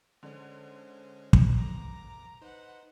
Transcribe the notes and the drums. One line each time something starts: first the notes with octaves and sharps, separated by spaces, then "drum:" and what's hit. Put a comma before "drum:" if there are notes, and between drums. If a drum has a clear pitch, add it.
D3 G#3 C#4 C5
drum: kick
E2 A#5 D6 A#6
D#4 B4 C5 F#5